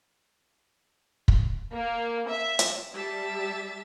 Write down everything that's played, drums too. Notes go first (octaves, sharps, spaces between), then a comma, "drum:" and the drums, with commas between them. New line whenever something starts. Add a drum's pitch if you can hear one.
drum: kick
A#3
E5
drum: hi-hat
G3 E5 A5